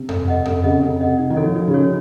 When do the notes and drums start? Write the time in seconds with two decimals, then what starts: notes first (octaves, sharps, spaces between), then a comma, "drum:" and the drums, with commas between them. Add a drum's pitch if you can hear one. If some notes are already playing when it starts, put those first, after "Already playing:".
Already playing: C3
0.09 A4, drum: tom F2
0.28 D#5 F#5
0.45 C3 A4, drum: tom F2
0.63 C#3 D#5 F#5
0.82 C3 A4
1.01 D#5 F#5
1.18 D#4
1.30 D#3
1.37 F#4 A4 C#5
1.43 F3
1.55 F3 D#4
1.68 C#3
1.74 F#4 A4 C#5